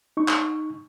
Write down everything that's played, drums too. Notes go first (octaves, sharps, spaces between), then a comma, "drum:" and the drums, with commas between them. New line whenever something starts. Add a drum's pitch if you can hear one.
D#4 C#6
drum: clap